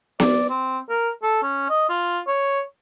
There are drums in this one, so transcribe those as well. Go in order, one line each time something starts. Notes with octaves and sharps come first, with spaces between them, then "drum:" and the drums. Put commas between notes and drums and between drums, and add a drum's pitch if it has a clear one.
D5, drum: snare B3
C4
A#4
A4
C#4
D#5
F4
C#5